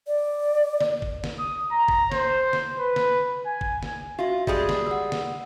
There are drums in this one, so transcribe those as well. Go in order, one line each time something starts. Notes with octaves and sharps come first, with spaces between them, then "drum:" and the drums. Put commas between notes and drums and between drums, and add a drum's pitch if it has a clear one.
D5
drum: snare
drum: kick G1
drum: snare
D#6
A#5
drum: kick G1
C5, drum: snare
drum: snare
B4
drum: snare
G#5
drum: kick G1
drum: snare
F4 F#4 E5
G3 G#3 G#4, drum: kick G1
drum: snare
F#5 E6
drum: snare